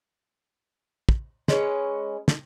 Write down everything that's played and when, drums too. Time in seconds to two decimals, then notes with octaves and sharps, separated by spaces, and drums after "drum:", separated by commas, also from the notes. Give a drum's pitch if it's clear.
1.09 drum: kick
1.48 G#3 C#4 B4 C#5, drum: snare
2.28 drum: snare